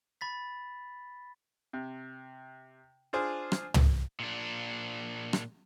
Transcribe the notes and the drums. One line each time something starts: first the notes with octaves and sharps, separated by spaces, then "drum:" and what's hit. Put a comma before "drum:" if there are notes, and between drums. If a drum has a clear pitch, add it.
B5 A6 B6
C3
D4 F4 G#4 C5
drum: rim click
drum: tom
A#2 D4
drum: rim click